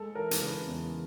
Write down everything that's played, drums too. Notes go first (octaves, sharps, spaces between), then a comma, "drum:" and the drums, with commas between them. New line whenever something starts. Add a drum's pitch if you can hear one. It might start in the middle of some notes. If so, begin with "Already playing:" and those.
Already playing: G#3 A4
E3 A#4
drum: hi-hat
C#3 B4
E2